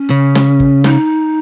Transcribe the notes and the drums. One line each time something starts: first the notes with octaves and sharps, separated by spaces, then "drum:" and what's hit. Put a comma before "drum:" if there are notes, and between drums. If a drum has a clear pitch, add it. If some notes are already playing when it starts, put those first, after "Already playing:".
Already playing: C#4
C#3
drum: snare
drum: kick
D#4, drum: snare